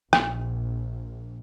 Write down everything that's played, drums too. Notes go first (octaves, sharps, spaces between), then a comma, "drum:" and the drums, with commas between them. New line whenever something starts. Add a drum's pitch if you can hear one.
A#1, drum: rim click